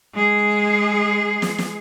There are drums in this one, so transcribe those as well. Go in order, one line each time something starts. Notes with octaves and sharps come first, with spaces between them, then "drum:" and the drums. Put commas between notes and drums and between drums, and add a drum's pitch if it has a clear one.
G#3 G#4
drum: snare
drum: snare